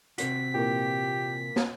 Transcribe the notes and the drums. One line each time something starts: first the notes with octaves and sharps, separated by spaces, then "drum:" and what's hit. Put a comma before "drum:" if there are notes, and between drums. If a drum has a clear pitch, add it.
C3 C4 F#4 B6, drum: hi-hat
A#2 E3 A#3 G4
drum: snare